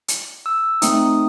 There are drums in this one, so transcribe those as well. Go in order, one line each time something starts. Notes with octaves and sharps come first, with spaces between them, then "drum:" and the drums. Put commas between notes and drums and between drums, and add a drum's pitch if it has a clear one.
drum: hi-hat
E6
A3 C4 D#4 D#6, drum: hi-hat